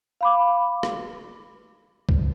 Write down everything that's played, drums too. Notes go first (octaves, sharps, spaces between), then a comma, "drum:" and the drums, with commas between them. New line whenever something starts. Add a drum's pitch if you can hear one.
F5 B5 D6
drum: rim click
drum: kick C2